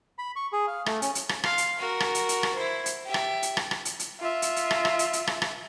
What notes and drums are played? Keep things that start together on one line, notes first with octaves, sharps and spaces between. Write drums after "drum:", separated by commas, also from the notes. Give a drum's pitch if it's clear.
B5
C#6
G#4
F5
A3, drum: rim click
C#4, drum: hi-hat
drum: hi-hat
drum: rim click
F5 C6, drum: rim click
drum: hi-hat
F#4 A#4
drum: rim click
drum: hi-hat
drum: hi-hat
drum: rim click
E4 C5
drum: hi-hat
G4 E5
drum: rim click
drum: hi-hat
drum: rim click
drum: rim click
drum: hi-hat
drum: hi-hat
F4 E5
drum: hi-hat
drum: hi-hat
drum: rim click
drum: rim click
drum: hi-hat
drum: hi-hat
drum: rim click
drum: rim click